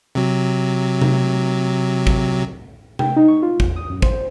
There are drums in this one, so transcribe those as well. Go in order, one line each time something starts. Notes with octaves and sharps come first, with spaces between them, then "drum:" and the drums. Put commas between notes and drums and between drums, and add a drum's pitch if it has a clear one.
C3 F#3
drum: tom C3
drum: kick
G5, drum: tom C3
D#4
C#6
F4
E2, drum: kick
D#6
F#2
C5, drum: kick